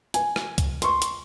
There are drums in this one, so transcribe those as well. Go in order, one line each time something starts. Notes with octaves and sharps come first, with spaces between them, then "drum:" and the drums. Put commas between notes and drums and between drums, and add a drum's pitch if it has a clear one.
G#5, drum: hi-hat
drum: rim click
drum: kick, hi-hat
C6 C#6, drum: hi-hat
drum: hi-hat